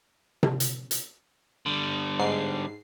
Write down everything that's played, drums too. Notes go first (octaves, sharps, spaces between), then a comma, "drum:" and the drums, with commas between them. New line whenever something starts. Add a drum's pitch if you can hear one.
drum: tom C3
drum: hi-hat
drum: hi-hat
D3 G3
G#2 C7